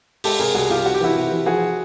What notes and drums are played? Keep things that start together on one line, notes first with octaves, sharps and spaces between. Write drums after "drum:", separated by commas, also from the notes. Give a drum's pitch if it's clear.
G#3 G4 A4, drum: open hi-hat
C3 G#4 A#4
C2 F#4 G#4
C2 F4 G4
C3 F#4
G4
E3 E4 F#4
C3
E3
F3 F#4 G#4